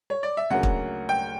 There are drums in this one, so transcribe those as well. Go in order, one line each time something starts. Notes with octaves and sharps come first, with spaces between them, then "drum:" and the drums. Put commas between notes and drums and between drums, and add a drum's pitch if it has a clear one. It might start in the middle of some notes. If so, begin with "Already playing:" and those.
C#5
D5
E5
D2 C#3 F#3 A#3 F#5
drum: kick
G5